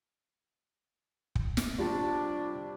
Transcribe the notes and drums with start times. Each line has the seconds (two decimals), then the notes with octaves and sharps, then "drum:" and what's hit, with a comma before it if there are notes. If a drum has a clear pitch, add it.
1.35 drum: kick
1.57 drum: snare
1.79 C3 G3 D4 F4 A5 C#6